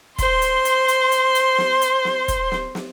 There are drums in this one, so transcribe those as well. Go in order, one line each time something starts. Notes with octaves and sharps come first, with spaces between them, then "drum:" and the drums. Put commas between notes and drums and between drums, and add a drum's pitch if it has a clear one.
C5 C6, drum: kick, hi-hat
drum: hi-hat
drum: hi-hat
drum: hi-hat
drum: hi-hat
drum: hi-hat
drum: snare
drum: hi-hat
drum: snare
drum: kick, hi-hat
drum: snare
drum: snare